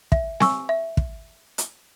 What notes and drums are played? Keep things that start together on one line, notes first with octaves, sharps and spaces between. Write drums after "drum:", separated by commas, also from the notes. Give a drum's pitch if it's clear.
E5, drum: kick
G#5 C#6 E6, drum: snare C4
E5
drum: kick
drum: hi-hat